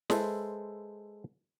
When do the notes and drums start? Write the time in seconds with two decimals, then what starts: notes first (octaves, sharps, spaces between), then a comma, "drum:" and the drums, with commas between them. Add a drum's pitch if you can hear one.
0.10 G#3 A4 B4 C5 E5, drum: snare